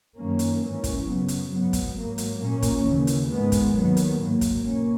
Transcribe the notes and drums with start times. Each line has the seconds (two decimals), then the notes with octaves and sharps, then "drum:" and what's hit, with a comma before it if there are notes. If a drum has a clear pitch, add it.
0.17 F#2 D#3 A#3 C#4
0.39 drum: hi-hat
0.61 G#2 E3 A#3 C#4
0.84 drum: kick, hi-hat
1.06 F#2 C#3 F#3 B3
1.28 drum: hi-hat
1.51 G#2 F#3 B3
1.73 drum: kick, hi-hat
1.96 G#2 F#3 A#3
2.18 drum: hi-hat
2.40 A#2 A#3 C#4
2.62 drum: kick, hi-hat
2.85 D#2 C#3 E3
3.07 drum: hi-hat
3.30 G#2 D#3 G#3 B3
3.52 drum: kick, hi-hat
3.74 D#2 D#3 F#3 B3
3.97 drum: hi-hat
4.19 G#2 F#3 A#3
4.41 drum: kick, hi-hat
4.64 B2 A#3 C#4